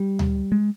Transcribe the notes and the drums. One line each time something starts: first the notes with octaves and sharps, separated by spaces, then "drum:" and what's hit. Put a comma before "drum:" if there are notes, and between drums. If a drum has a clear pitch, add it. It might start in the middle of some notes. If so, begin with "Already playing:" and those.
Already playing: G3
drum: tom D2
G#3